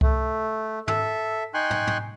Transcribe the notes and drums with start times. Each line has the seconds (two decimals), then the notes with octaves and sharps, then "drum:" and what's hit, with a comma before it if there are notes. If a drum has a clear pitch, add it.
0.01 A3, drum: kick C2
0.88 A4 E5, drum: tom
1.54 D#4 G5 G#5 C6 C#6 F#6
1.70 drum: tom
1.87 drum: tom